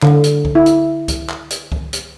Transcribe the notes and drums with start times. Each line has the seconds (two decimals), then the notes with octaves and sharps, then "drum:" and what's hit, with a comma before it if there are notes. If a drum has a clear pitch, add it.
0.03 D3, drum: clap
0.24 drum: hi-hat
0.45 drum: kick C#2
0.55 E4
0.66 drum: hi-hat
1.08 drum: kick C#2, hi-hat
1.29 drum: clap
1.51 drum: hi-hat
1.72 drum: kick C#2
1.93 drum: hi-hat